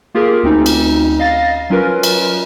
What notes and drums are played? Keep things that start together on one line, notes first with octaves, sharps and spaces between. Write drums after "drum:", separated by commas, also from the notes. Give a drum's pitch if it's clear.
A#3 F4 G4 G#4 A#4
D2 C4 C#4 D#4
drum: cymbal
D#5 F5 A6 A#6
F#3 C#4 F4 A#4 B4
drum: cymbal